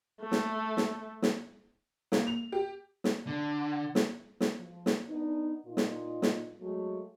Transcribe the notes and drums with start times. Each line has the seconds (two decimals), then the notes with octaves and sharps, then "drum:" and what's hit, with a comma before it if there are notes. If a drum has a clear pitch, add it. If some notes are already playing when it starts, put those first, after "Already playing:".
0.21 A3
0.32 drum: snare
0.77 drum: snare
1.22 drum: snare
2.12 A#3, drum: snare
2.27 F7
2.52 G4
3.04 drum: snare
3.27 D3
3.95 drum: snare
4.40 drum: snare
4.56 F3
4.86 drum: snare
5.08 B3 D4 D#4
5.66 A#2 D#4 F4
5.77 drum: snare
6.22 drum: snare
6.60 F#3 G#3 A3